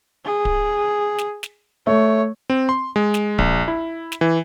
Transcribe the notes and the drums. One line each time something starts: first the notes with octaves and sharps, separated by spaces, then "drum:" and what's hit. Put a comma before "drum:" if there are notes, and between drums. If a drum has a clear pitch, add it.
G#4
drum: kick D1
drum: snare
drum: snare
A3 C#5
C4
C6
G#3
drum: snare
A#1, drum: kick D1
E4
drum: snare
E3